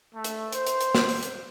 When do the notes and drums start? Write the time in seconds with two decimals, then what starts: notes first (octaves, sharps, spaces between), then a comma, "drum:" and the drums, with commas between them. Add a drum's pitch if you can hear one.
0.15 A3
0.24 drum: hi-hat
0.52 C5, drum: hi-hat
0.66 drum: hi-hat
0.81 drum: hi-hat
0.95 drum: snare
1.09 drum: open hi-hat
1.23 drum: hi-hat